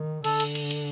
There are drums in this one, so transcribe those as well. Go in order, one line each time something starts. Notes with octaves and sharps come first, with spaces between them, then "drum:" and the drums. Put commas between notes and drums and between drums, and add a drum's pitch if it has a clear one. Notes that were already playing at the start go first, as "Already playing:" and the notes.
Already playing: D#3
D3 A4, drum: cymbal
drum: cymbal
drum: cymbal
drum: cymbal